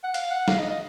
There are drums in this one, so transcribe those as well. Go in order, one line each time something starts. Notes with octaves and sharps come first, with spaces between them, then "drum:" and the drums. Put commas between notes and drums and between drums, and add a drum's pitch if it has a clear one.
F#5
F5, drum: hi-hat
F#5
F5, drum: snare
D#5
D#5